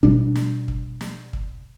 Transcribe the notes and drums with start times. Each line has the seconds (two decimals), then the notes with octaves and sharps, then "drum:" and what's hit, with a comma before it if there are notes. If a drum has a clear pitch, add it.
0.03 B2 G3 D4, drum: kick
0.36 drum: snare
0.68 drum: kick
1.01 drum: snare
1.33 drum: kick